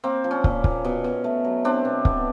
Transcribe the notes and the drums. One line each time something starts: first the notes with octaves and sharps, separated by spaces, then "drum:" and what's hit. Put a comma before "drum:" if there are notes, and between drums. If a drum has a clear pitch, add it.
A#3 C4
F3
C#4
A#2, drum: kick
A#2, drum: kick
B2
B2
A3
F#3
B3 C4 D4
B2
B3, drum: kick